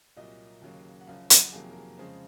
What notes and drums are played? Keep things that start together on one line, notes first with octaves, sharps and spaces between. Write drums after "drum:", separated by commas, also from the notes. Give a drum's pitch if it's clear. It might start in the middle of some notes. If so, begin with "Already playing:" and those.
C2 A#2 F#3 A#3 D#5
D#2 C#3 F#3 A#3
F#5
F#1 F#2 F3 F5
F#5, drum: hi-hat
F2 C3 D#3 F#3 A#3 G#4
A#4
G#4
F2 C#3 G#3 C5